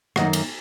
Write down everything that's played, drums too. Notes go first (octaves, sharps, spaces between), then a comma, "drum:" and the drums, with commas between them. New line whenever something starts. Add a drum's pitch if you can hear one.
F#2 D#3 A#3 D#5 F#5, drum: rim click
drum: cymbal